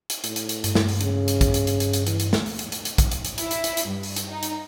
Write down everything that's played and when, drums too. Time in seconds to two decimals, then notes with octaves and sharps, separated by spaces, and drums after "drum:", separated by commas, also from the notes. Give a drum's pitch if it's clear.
0.10 drum: hi-hat
0.24 A2, drum: hi-hat
0.36 drum: hi-hat
0.49 drum: hi-hat
0.64 G2, drum: hi-hat
0.75 drum: snare
0.89 drum: open hi-hat
1.01 C#3, drum: hi-hat
1.28 drum: hi-hat
1.41 drum: kick, hi-hat
1.54 drum: hi-hat
1.67 drum: hi-hat
1.80 drum: hi-hat
1.93 drum: hi-hat
2.07 E3, drum: hi-hat
2.20 drum: hi-hat
2.33 drum: snare
2.46 drum: open hi-hat
2.59 drum: hi-hat
2.72 drum: hi-hat
2.85 drum: hi-hat
2.98 drum: kick, hi-hat
3.12 drum: hi-hat
3.25 drum: hi-hat
3.38 E4, drum: hi-hat
3.51 drum: hi-hat
3.64 drum: hi-hat
3.77 drum: hi-hat
3.87 G2
4.03 drum: open hi-hat
4.16 drum: hi-hat
4.30 D#4
4.43 drum: hi-hat